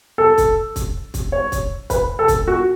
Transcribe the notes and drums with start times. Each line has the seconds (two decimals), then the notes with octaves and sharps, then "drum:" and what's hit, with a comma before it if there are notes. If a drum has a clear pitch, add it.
0.18 A4
0.38 drum: kick, hi-hat
0.76 drum: kick, hi-hat
1.14 drum: kick, hi-hat
1.32 C#5
1.52 drum: kick, hi-hat
1.90 B4, drum: kick, hi-hat
2.19 A4
2.28 drum: kick, hi-hat
2.47 F#4